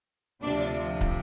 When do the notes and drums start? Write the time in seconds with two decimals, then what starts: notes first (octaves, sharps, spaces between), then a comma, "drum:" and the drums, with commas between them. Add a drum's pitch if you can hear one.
0.42 D2 C3 F3 D4
1.01 drum: kick